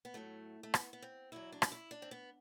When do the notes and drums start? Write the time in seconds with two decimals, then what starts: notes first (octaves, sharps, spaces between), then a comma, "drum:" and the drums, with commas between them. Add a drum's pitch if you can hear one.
0.05 B3
0.14 A2 F#3 A3
0.63 A3
0.74 B3, drum: rim click
0.93 B3
1.02 C4
1.32 E2 B2 F#3 E4
1.52 D4
1.62 drum: rim click
1.72 E4
1.91 D4
2.02 C4
2.11 B3